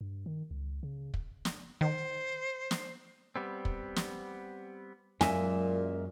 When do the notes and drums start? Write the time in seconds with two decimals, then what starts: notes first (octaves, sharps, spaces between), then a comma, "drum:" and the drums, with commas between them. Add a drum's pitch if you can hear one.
0.01 G2
0.26 D#3
0.51 C#2
0.83 C#3
1.14 drum: kick
1.45 drum: snare
1.81 D#3 C5
2.71 drum: snare
3.36 G3 B3 C4
3.65 drum: kick
3.96 drum: snare
5.21 F#2 A#2 G#3 A#3 E5 G#5, drum: snare